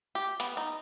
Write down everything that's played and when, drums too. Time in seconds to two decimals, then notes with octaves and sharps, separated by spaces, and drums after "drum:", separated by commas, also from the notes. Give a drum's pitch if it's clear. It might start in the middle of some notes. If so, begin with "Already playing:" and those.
0.15 G4
0.40 B3, drum: hi-hat
0.57 D#4